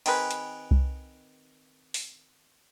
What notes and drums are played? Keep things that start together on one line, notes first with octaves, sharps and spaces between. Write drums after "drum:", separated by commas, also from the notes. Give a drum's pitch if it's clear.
D#3 C4 G#4 B4, drum: cymbal
drum: hi-hat
drum: kick C2
drum: open hi-hat